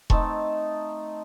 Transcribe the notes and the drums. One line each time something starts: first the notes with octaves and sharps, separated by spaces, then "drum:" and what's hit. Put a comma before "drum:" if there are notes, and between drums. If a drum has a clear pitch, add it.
A3 C4 D#4 A5, drum: kick E1